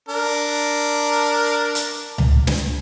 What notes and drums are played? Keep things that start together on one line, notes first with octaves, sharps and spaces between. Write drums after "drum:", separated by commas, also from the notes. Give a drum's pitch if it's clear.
D4 A#4
drum: hi-hat
drum: tom C#2
drum: snare